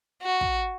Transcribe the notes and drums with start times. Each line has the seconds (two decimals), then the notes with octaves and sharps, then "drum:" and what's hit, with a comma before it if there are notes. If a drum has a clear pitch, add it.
0.22 F#4
0.41 drum: kick